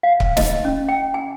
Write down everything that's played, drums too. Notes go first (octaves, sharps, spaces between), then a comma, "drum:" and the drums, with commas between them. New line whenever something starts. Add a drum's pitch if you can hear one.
F5
drum: kick C#1
D#5, drum: snare
C#4
G5
G#5